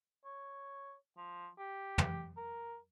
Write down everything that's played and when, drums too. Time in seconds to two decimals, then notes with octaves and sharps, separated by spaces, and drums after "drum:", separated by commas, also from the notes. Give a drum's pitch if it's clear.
0.25 C#5
1.17 F3
1.59 G4
1.98 drum: tom
2.37 A#4